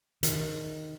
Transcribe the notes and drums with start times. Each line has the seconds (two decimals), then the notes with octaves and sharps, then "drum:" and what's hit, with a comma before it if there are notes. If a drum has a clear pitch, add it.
0.23 D#3, drum: hi-hat